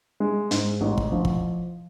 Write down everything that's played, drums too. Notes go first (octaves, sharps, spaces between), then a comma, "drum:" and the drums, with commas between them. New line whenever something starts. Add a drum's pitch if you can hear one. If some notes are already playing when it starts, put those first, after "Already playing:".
G#3
G#2, drum: hi-hat
A1
drum: kick
F3
drum: kick